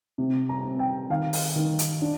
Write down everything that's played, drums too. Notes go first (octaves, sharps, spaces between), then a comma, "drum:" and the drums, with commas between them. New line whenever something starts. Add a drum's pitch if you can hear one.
C3
A#5
C4
G5
D#3 F5
drum: open hi-hat
D#3
drum: hi-hat
D4